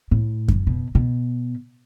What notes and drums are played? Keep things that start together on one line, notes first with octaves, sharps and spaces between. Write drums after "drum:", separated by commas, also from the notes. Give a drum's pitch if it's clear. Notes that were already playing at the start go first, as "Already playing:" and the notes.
A2
drum: kick F#2
B2
B2